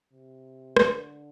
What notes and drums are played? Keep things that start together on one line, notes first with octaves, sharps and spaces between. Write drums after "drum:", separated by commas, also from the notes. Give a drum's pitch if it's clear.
C3
D3, drum: rim click